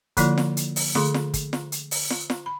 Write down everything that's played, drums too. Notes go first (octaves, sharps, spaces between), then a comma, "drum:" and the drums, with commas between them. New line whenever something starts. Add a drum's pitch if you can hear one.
D3 F3 A#3 E4 F4 D5, drum: kick, hi-hat
drum: snare
drum: hi-hat
drum: open hi-hat
D3 A3 G#4 C6 D6, drum: snare
drum: snare
drum: kick, hi-hat
drum: snare
drum: hi-hat
drum: open hi-hat
drum: snare
drum: snare
B5